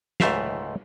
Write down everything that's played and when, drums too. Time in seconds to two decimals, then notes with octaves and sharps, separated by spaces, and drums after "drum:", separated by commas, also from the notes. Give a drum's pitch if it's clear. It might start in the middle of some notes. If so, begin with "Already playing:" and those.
0.20 C#2 G#2 A3 E5 F5, drum: snare